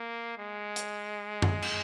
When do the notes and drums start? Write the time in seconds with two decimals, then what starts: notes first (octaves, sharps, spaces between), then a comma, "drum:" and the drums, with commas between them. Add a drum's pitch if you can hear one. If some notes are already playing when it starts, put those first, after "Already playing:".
Already playing: A#3
0.38 G#3
0.76 drum: hi-hat
1.42 drum: tom F#2
1.62 drum: cymbal